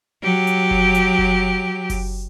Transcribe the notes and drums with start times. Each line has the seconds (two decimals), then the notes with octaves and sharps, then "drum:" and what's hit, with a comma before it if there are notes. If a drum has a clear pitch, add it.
0.23 F#3 G4
0.47 drum: hi-hat
0.71 drum: kick F#1
0.95 drum: hi-hat
1.18 drum: kick F#1
1.90 drum: kick F#1, open hi-hat